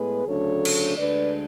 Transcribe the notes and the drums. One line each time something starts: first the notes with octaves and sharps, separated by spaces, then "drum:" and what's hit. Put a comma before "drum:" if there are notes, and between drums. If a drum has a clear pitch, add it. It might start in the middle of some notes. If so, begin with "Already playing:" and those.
Already playing: A2 G#3 B3 G#4 B4
D2 C#3 F#3 A3 D4 A4 C#5
drum: cymbal
D2 D3 G#3 D4 B4 D5